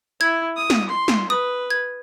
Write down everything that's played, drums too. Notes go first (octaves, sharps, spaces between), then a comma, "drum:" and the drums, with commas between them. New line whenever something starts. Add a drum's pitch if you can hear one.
E4 G#6
D#6
drum: snare
C6
drum: snare
B4 D#6
G#6